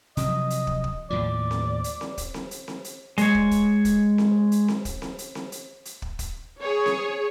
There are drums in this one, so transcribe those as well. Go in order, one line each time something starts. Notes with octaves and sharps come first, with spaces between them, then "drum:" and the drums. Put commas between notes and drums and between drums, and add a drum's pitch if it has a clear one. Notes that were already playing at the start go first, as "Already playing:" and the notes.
C3 F3 F#3 D#5, drum: hi-hat
drum: hi-hat
drum: kick
drum: kick
D#2 A2 F3 D5
drum: snare C4
drum: hi-hat
drum: snare C4
drum: kick, hi-hat
drum: snare C4
drum: hi-hat
drum: snare C4
drum: hi-hat
G#3 C#5, drum: hi-hat
drum: kick
drum: kick, hi-hat
drum: kick, hi-hat
drum: snare C4
drum: hi-hat
drum: snare C4
drum: kick, hi-hat
drum: snare C4
drum: hi-hat
drum: snare C4
drum: hi-hat
drum: hi-hat
drum: kick
drum: kick, hi-hat
G#4 C#5
drum: snare C4